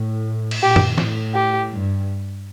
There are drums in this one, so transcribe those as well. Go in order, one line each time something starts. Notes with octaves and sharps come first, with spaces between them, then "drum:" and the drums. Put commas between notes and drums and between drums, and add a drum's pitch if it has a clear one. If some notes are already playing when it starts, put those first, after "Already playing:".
Already playing: A2
drum: cymbal
A#2 G4
drum: tom
A2, drum: snare
G4
G2